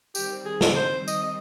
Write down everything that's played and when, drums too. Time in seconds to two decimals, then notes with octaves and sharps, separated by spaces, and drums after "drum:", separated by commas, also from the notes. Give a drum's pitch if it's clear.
0.15 D#3 G3 C4 G4, drum: tambourine
0.46 G#4
0.61 drum: snare
0.76 C5
1.08 D#5, drum: tambourine
1.23 D#5